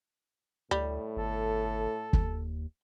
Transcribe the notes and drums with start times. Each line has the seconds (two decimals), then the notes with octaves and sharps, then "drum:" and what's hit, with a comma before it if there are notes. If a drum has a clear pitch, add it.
0.71 D2 A2 G3
1.17 G1 A4
2.13 D#2, drum: kick